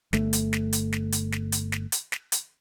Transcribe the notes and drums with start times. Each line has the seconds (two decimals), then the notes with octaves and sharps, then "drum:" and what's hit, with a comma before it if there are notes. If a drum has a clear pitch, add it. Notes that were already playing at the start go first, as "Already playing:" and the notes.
0.13 G1 A3, drum: snare
0.33 drum: hi-hat
0.53 drum: snare
0.73 drum: hi-hat
0.92 drum: snare
1.12 drum: hi-hat
1.32 drum: snare
1.52 drum: hi-hat
1.72 drum: snare
1.92 drum: hi-hat
2.12 drum: snare
2.32 drum: hi-hat